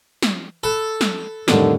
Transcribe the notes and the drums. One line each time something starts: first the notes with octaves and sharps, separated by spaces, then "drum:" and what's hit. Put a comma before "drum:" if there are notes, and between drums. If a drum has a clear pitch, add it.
drum: snare
A4 B5 F#6
drum: snare
F2 A2 D3 D#3 G3, drum: snare